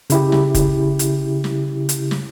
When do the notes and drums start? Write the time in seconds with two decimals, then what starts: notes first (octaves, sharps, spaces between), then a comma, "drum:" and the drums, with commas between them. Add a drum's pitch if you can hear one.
0.10 C#3 E4 G4, drum: hi-hat
0.32 drum: snare
0.54 drum: kick F1, hi-hat
0.99 drum: hi-hat
1.44 drum: snare
1.89 drum: hi-hat
2.11 drum: snare